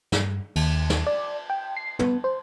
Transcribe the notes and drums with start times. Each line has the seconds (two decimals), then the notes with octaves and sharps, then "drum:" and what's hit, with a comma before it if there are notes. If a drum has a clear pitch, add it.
0.12 G2, drum: snare
0.56 D#2, drum: cymbal
0.90 drum: snare
1.07 D5
1.50 G5
1.77 C7
1.99 B3, drum: tom
2.24 C5